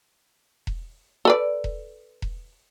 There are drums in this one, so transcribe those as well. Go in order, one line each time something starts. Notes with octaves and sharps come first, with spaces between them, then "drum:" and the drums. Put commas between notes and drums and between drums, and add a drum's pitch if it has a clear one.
drum: kick E1
A4 B4 D5
drum: kick E1
drum: kick E1